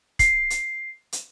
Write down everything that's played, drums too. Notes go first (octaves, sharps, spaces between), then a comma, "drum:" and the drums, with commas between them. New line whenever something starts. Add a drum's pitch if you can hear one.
C7, drum: kick, hi-hat
drum: hi-hat
drum: hi-hat